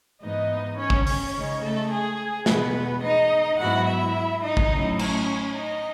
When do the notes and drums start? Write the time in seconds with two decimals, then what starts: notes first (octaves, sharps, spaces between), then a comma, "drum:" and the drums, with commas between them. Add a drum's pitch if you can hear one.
0.21 G#2 E3 B3 D#4 D#5
0.77 C#4 C#5
0.90 drum: kick
1.07 C#4 C#5, drum: open hi-hat
1.34 C#3 G#3 D#4
1.63 A3 A4
1.90 G#4
2.46 E2 B2 G#3 B3 B4, drum: snare
3.03 D#4 D#5
3.59 G#2 F#3 B3 E4 F#4 F#5
3.87 E4 E5
4.43 D#4 D#5
4.57 drum: kick
4.71 A2 F#3 A3 C#4 E4
4.99 C#4 C#5, drum: cymbal
5.56 D#4 D#5